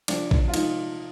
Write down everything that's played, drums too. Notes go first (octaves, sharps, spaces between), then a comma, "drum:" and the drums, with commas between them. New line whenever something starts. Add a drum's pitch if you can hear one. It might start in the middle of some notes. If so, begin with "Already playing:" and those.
F3 D4, drum: cymbal
drum: kick
F4
F3 D#4, drum: cymbal